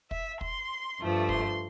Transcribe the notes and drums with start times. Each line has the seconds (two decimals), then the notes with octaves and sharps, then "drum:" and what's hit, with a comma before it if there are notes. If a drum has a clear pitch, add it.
0.11 E5, drum: kick
0.41 C6, drum: kick
0.99 G2 F3 A3
1.29 C6, drum: kick